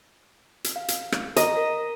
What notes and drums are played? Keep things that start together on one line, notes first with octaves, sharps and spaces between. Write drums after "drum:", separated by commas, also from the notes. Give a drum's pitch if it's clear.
drum: hi-hat
F5
drum: hi-hat
drum: rim click
D#5 A#5, drum: hi-hat
A#4